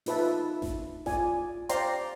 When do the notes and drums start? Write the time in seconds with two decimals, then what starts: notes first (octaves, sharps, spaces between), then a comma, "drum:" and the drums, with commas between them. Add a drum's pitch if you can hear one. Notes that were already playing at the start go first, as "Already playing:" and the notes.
0.06 D#4 F4 B4 E5 A5, drum: open hi-hat
0.62 drum: snare A1
1.06 F4 D5 G#5, drum: snare A1
1.69 C5 D5 F5 G5 A#5 C6, drum: hi-hat